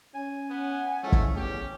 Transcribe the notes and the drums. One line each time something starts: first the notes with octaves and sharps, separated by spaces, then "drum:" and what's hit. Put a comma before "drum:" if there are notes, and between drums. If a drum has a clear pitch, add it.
C#4 G#5
B3 F#5
E3 F3 G#3 A3 C#4
drum: kick
E2 A3 G4